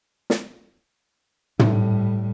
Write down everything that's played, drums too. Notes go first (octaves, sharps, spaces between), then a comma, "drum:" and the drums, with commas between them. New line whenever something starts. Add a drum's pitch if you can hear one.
drum: snare
A2 G3, drum: tom